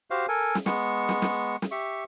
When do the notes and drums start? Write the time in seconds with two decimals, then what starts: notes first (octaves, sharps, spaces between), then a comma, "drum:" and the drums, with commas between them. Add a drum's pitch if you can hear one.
0.11 F#4 G4 C5 F5
0.28 A4 A#4 G#5
0.55 drum: snare
0.66 G#3 B3 C#6, drum: snare
1.09 drum: snare
1.22 drum: snare
1.62 drum: snare
1.71 G4 E5 C#6